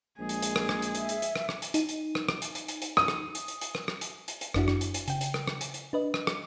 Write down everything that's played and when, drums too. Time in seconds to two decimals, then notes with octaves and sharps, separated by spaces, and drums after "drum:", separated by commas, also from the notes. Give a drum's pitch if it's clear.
0.19 A#1 G#3 G#4
0.29 drum: hi-hat
0.42 drum: hi-hat
0.56 drum: rim click
0.69 drum: rim click
0.82 drum: hi-hat
0.95 E5, drum: hi-hat
1.09 drum: hi-hat
1.22 drum: hi-hat
1.36 drum: rim click
1.49 drum: rim click
1.62 drum: hi-hat
1.74 D#4, drum: hi-hat
1.89 drum: hi-hat
2.15 drum: rim click
2.29 drum: rim click
2.42 drum: hi-hat
2.55 drum: hi-hat
2.68 drum: hi-hat
2.82 drum: hi-hat
2.97 D#6, drum: rim click
3.08 drum: rim click
3.35 drum: hi-hat
3.48 drum: hi-hat
3.61 drum: hi-hat
3.75 drum: rim click
3.88 drum: rim click
4.01 drum: hi-hat
4.28 drum: hi-hat
4.41 drum: hi-hat
4.54 G1 F#2 D4 E4 F#4, drum: rim click
4.68 drum: rim click
4.81 drum: hi-hat
4.94 drum: hi-hat
5.08 C#3 G5, drum: hi-hat
5.21 drum: hi-hat
5.34 drum: rim click
5.48 drum: rim click
5.61 drum: hi-hat
5.74 drum: hi-hat
5.93 D4 B4 D#5
6.14 drum: rim click
6.27 drum: rim click